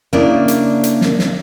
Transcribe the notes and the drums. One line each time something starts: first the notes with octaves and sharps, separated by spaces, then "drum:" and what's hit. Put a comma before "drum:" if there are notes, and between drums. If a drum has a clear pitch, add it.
C#3 A#3 D4 E4 D5
drum: hi-hat
drum: hi-hat
drum: snare
drum: snare